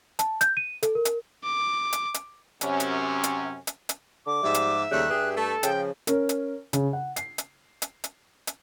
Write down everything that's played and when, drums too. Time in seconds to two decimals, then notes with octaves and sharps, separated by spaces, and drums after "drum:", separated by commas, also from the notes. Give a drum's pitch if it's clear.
0.19 A5, drum: hi-hat
0.41 G6, drum: hi-hat
0.57 D#7
0.83 A4, drum: hi-hat
0.95 A#4
1.05 drum: hi-hat
1.44 D6
1.93 drum: hi-hat
2.14 drum: hi-hat
2.61 F#2 C3 C#4, drum: hi-hat
2.80 drum: hi-hat
3.23 drum: hi-hat
3.67 drum: hi-hat
3.89 drum: hi-hat
4.26 D3 D6
4.43 G#2 F3 G3 E5
4.54 drum: hi-hat
4.91 D#2 C#3 G3 A3 F#6
5.09 G2 G4 G#4
5.36 A3 A4
5.63 C#3 F3 G5, drum: hi-hat
6.07 C#4 A#4, drum: hi-hat
6.29 drum: hi-hat
6.73 C#3, drum: hi-hat
6.93 F#5
7.16 C7, drum: hi-hat
7.38 drum: hi-hat
7.82 drum: hi-hat
8.04 drum: hi-hat
8.47 drum: hi-hat